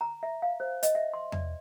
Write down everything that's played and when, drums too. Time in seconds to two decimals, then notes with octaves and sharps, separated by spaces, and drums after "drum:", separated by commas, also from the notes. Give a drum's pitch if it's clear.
0.01 A#5
0.23 E5
0.42 F5
0.60 C5
0.83 D#5, drum: hi-hat
0.95 E5
1.14 C6
1.32 D5, drum: tom E2